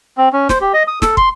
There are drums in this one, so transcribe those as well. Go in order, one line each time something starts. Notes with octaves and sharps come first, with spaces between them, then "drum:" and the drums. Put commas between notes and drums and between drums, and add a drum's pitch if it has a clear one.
C4
C#4
C5, drum: snare
G4
D#5
D#6
A4, drum: snare
C6, drum: kick